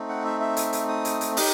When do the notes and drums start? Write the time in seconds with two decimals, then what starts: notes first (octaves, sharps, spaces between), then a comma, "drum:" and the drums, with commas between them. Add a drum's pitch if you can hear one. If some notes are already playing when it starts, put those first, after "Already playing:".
Already playing: A3 C4 D#4
0.09 F#5
0.25 E5
0.40 E5
0.57 drum: hi-hat
0.73 drum: hi-hat
0.88 D#6
1.05 drum: hi-hat
1.21 drum: hi-hat
1.37 D#4 G4 D#6, drum: open hi-hat